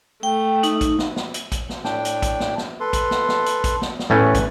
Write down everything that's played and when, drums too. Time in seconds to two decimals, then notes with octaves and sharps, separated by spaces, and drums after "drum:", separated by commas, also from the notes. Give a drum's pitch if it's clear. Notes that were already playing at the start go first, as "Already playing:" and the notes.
0.23 A3 G5
0.63 D#4, drum: hi-hat
0.81 drum: kick, hi-hat
0.99 drum: snare
1.16 drum: snare
1.34 drum: hi-hat
1.52 drum: kick, hi-hat
1.69 drum: snare
1.84 A2 D4 G5, drum: snare
2.05 drum: hi-hat
2.22 drum: kick, hi-hat
2.40 drum: snare
2.58 drum: snare
2.80 A4 B4 C6
2.93 drum: kick, hi-hat
3.11 drum: snare
3.29 drum: snare
3.46 drum: hi-hat
3.64 drum: kick, hi-hat
3.82 drum: snare
3.99 drum: snare
4.10 E2 A2 E3 A3 C#4 B4
4.35 drum: kick, hi-hat